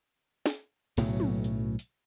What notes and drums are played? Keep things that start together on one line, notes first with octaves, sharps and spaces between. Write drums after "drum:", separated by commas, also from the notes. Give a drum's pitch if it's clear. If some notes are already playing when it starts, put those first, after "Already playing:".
drum: snare
B1 A2 C#3 F#3, drum: cymbal
drum: tom
drum: hi-hat
drum: hi-hat